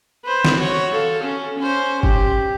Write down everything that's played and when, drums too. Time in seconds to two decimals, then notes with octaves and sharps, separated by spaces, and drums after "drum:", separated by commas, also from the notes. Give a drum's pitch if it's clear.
0.25 B4 C5
0.45 drum: snare
0.58 F#4 C#5
0.92 A4 F5
1.24 C#4
1.60 C#4 C5
2.03 G4, drum: kick F#1